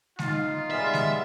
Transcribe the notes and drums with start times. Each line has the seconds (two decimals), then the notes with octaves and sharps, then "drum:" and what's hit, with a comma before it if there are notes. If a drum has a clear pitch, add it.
0.19 D#4 F4, drum: snare G#3
0.71 G3 G#3 B3 E5
0.94 drum: snare G#3